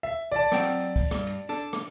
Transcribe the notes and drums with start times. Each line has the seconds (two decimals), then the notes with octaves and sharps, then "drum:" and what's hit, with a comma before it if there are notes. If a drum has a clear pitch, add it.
0.03 E5
0.32 D5 A5
0.52 F#3 C4 G5, drum: rim click
0.65 drum: hi-hat
0.80 drum: hi-hat
0.96 drum: kick, open hi-hat
1.11 G2, drum: rim click
1.27 drum: hi-hat
1.49 D4 A4
1.73 drum: rim click